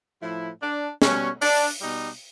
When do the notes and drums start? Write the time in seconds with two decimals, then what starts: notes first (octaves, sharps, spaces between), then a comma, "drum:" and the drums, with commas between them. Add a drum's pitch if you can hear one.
0.22 A2 F3 E4
0.62 D4
1.02 B2 G3 C#4, drum: snare
1.42 D4, drum: open hi-hat
1.81 B2 G3 D#4